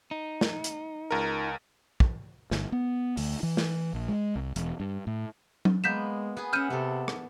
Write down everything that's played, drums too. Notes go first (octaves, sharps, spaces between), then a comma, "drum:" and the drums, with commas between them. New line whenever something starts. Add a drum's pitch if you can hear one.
D#4
drum: snare
drum: hi-hat
C#2 A#4
drum: kick
G1, drum: snare
B3
D2, drum: open hi-hat
E3
drum: snare
A#1
G#3
C2
E1, drum: hi-hat
G2
A2
drum: tom F#3
G#3 A#3 B3 G6 B6 E7
B3 G#4
C#4 E5 F#5 F6 G6 D#7
C3 B3 A4
drum: rim click